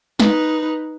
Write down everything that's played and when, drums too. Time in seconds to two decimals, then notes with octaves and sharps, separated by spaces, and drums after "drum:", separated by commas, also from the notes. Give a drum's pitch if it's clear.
0.20 D#4 B4, drum: snare